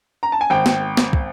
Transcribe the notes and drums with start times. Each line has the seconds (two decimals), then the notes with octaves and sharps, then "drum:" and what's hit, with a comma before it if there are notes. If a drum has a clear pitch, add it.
0.23 A#5
0.32 A5
0.41 G#5
0.50 G#1 G5
0.66 drum: snare
0.97 drum: snare
1.13 drum: kick